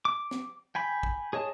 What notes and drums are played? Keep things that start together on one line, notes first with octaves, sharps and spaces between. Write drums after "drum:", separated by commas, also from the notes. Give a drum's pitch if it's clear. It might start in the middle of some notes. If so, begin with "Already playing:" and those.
D6
drum: snare
G5 G#5 B5
drum: kick
G#4 C#5 D#5 A5